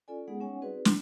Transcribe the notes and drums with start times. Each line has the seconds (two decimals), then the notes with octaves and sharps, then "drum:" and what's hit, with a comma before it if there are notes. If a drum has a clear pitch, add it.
0.08 C#4 F4 A4 D5 G#5
0.28 G#3 B3 D#4 G#4 F#5
0.40 G3 C#4 D#4 C#5 F#5 G#5
0.62 C4 D#4 F#4 G#4 B4 D5
0.85 C4, drum: snare